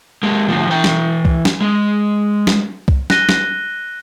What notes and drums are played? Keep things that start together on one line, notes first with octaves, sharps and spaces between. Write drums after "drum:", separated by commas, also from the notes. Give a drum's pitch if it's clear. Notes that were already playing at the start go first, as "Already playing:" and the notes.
G#3 A#3
D2 F3
E3 G5
drum: snare
drum: kick C2
drum: snare
G#3
drum: snare
drum: kick C2
F#6 A#6 D#7 G7, drum: snare
drum: snare